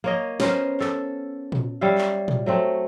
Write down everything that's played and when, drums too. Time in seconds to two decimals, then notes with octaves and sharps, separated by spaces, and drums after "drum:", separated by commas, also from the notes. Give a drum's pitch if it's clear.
0.04 A#3 C#5 D#5
0.40 B3 C#4 A#4 C5, drum: snare
0.81 A4, drum: clap
1.52 drum: tom A#2
1.81 G3 C#5 E5 F5
1.98 drum: clap
2.28 drum: tom A#2
2.46 F#3 A3 C4